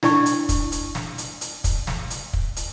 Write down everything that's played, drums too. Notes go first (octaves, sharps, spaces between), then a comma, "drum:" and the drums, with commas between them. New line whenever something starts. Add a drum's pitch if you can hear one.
D4 E4 D5 G#5 C#6, drum: snare
drum: hi-hat
drum: kick, hi-hat
drum: hi-hat
drum: snare
drum: hi-hat
drum: hi-hat
drum: kick, hi-hat
drum: snare
drum: hi-hat
drum: kick
drum: hi-hat